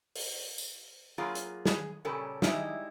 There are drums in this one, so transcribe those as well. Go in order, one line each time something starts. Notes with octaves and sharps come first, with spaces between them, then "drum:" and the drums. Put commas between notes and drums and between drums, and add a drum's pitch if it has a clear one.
drum: open hi-hat
drum: tambourine
F#3 A#3 F4 G#4
drum: hi-hat
G#4, drum: snare
A#2 C#3 G3 C#4 A4 A#4
G3 G#3 D#4 E4, drum: snare